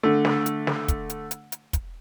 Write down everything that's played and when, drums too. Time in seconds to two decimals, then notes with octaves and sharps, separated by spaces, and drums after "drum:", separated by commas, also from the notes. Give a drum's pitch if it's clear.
0.03 D3 A3
0.25 drum: snare
0.46 drum: hi-hat
0.67 drum: snare
0.88 drum: kick, hi-hat
1.10 drum: hi-hat
1.31 drum: hi-hat
1.52 drum: hi-hat
1.73 drum: kick, hi-hat